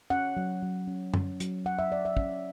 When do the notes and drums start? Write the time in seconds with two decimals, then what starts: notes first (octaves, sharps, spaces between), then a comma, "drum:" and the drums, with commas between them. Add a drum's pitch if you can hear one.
0.10 C#4 F#5
0.37 F#3
0.62 F#3
0.87 C#4
1.14 C#4, drum: tom F#2
1.40 F#3, drum: hi-hat
1.65 F#3 F#5
1.79 E5
1.91 C#4 D5
2.05 E5
2.17 C#4, drum: kick